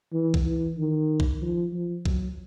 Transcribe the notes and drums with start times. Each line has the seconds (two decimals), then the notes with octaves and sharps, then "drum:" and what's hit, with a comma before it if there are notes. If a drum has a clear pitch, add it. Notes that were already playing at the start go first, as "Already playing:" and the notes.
0.13 E3
0.34 drum: kick A#1
0.45 E3
0.77 D#3
1.20 drum: kick A#1
1.41 F3
1.73 F3
2.05 F#3, drum: kick A#1